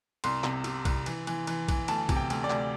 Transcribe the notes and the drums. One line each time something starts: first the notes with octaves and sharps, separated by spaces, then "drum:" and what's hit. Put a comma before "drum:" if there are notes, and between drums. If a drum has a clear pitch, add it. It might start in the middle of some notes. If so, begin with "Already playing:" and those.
C2 C6, drum: cymbal
C3, drum: clap
C3, drum: cymbal
C2, drum: kick, cymbal
E3, drum: cymbal
E3, drum: cymbal
E3, drum: cymbal
E3, drum: kick, cymbal
D2 A5, drum: cymbal
C3, drum: kick, cymbal
G5
D2, drum: cymbal
D5
D2, drum: clap